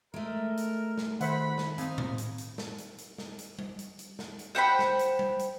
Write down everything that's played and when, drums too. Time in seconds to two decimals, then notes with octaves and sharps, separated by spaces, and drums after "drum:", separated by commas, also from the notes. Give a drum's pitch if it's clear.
0.14 G#3 A3 A#4
0.57 drum: hi-hat
0.98 drum: snare
1.21 D#3 C5 E5 F#5 B5, drum: hi-hat
1.58 drum: snare
1.78 C4 D#4 F5 G#5, drum: hi-hat
1.98 drum: tom A2
2.18 drum: hi-hat
2.38 drum: hi-hat
2.58 drum: snare
2.78 drum: hi-hat
2.98 drum: hi-hat
3.18 drum: snare
3.38 drum: hi-hat
3.59 drum: tom G3
3.79 drum: hi-hat
3.99 drum: hi-hat
4.19 drum: snare
4.39 drum: hi-hat
4.55 C5 F#5 G5 B5
4.79 drum: snare
4.99 drum: hi-hat
5.19 drum: tom G3
5.39 drum: hi-hat